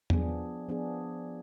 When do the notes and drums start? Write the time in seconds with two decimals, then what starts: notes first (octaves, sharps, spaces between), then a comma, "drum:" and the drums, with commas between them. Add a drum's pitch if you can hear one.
0.10 F3 B3 D4 G#4, drum: tom E2
0.69 F3 B3 D4 G#4